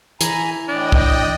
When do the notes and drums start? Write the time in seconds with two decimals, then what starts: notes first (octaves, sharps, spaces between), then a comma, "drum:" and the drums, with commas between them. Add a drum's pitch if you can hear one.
0.21 E3 G#5 A#5 B5, drum: hi-hat
0.68 A2 D4 D#5 G5
0.92 drum: kick